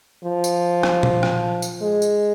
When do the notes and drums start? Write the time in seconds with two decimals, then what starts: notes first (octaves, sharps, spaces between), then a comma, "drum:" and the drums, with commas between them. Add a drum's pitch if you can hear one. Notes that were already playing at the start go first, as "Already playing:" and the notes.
0.24 F3
0.44 drum: tambourine
0.83 drum: rim click
1.03 drum: tom A#2
1.23 drum: rim click
1.62 drum: tambourine
1.82 G#3
2.02 drum: tambourine